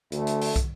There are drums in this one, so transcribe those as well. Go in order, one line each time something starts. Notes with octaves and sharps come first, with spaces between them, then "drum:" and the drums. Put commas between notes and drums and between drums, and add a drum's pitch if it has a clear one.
D2 D3 A3, drum: hi-hat
drum: hi-hat
drum: open hi-hat
drum: kick, hi-hat